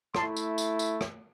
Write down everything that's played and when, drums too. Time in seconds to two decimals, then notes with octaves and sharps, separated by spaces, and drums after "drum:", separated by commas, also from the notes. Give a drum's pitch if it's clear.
0.15 A3 E4 A5 C6, drum: rim click
0.37 drum: tambourine
0.58 drum: tambourine
0.79 drum: tambourine
1.01 drum: rim click